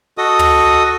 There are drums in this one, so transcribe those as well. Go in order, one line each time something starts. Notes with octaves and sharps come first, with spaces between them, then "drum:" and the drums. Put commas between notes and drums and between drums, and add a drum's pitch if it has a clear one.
F#4 A4 D#5 D#6
drum: tom